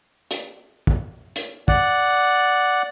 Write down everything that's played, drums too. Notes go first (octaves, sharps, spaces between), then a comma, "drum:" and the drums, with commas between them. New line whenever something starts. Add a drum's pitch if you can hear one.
drum: hi-hat
drum: kick
drum: hi-hat
D5 F#5, drum: kick